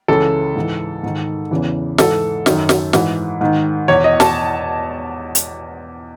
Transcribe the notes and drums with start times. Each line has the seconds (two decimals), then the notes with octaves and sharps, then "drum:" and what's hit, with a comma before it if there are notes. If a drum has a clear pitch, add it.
0.08 C#2 C#3 E3 A4
0.56 G#2 E3
1.03 G#2 D#3
1.51 E2 C#3 E3
1.98 G#2 E3 A4, drum: snare
2.46 F#2 D#3, drum: snare
2.69 drum: snare
2.93 G#2 E3, drum: snare
3.41 G#2 D#3
3.88 E2 B2 C#5
4.04 D#5
4.20 A5, drum: snare
5.35 drum: hi-hat